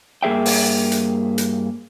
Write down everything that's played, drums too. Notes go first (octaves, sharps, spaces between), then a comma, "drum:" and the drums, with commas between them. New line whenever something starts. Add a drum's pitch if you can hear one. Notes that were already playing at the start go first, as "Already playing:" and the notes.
G2 A#3 G#4 E5 G5
drum: open hi-hat
drum: hi-hat
drum: hi-hat